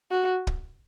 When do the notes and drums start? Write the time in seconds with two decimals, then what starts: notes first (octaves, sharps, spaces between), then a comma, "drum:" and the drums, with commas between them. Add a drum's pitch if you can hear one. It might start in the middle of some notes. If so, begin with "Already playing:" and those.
0.11 F#4
0.47 drum: kick